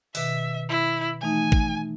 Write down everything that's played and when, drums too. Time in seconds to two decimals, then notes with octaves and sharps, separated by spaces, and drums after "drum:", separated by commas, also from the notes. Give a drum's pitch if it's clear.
0.15 B2 D#3 E5, drum: open hi-hat
0.69 E4
1.22 E3 A3 D#4 G#5
1.52 drum: kick